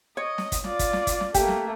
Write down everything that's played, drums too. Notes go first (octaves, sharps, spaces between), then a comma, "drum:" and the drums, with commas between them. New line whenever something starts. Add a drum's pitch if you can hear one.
C#5 D#5
drum: snare
drum: kick, hi-hat
F4 D5, drum: snare
drum: kick, hi-hat
drum: snare
drum: kick, hi-hat
drum: snare
A3 A#3 G4, drum: kick, hi-hat
drum: snare